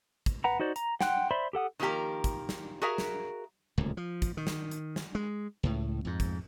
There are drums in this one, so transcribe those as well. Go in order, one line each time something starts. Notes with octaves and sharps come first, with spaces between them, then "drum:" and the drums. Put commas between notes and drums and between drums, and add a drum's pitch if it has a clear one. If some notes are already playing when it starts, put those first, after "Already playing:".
drum: kick, hi-hat
B4 F#5 A#5
D#4 F#4 C5 D5
A#5, drum: hi-hat
F#5 G5 C6 F#6, drum: snare
C5 D5 E5 B5 C6
G4 A4 F#5 D#6
D#3 F3 A#3 G4 A#4
drum: kick, hi-hat
drum: snare
F#4 G#4 A#4 E5 F5
drum: snare
D1 C#2 A#2
F3
drum: kick, hi-hat
D#3
drum: snare
drum: hi-hat
drum: snare
G#3
C#2 A2
F2 G#2
drum: kick, hi-hat